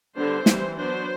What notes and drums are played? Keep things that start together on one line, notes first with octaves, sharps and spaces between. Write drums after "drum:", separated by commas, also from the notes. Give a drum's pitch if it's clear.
D3 G3 B3 D4 C5
E3 G3 C4, drum: snare
F#3 B3 D4 C5